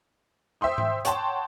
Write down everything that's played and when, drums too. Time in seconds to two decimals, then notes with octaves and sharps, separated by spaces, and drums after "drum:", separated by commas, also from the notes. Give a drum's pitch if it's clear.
0.61 C5 E5 G5 C6 D#6
0.78 drum: tom G#2
1.05 C#5 F#5 G5 A5 C6, drum: hi-hat